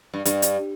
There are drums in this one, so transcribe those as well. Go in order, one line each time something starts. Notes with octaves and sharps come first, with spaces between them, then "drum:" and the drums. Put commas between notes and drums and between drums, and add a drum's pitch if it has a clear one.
G2
G2, drum: hi-hat
drum: hi-hat